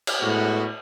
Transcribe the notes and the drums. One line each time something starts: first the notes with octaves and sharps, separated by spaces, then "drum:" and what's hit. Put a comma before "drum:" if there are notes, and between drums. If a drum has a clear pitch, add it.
drum: cymbal
A2 G#3 B3 F#4